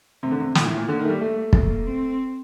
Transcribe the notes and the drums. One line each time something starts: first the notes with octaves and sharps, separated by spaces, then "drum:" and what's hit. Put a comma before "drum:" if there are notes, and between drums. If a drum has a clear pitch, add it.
C3 A3
D3
C3
A#2 A3, drum: snare
A2
A#2
D3 A#3
D#3
A3
G3
A3
A#3, drum: kick
C4